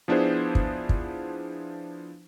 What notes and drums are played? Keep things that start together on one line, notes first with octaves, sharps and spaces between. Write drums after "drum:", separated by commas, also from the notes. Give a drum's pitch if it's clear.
F3 B3 D4 E4 G#4 C5
drum: kick
drum: kick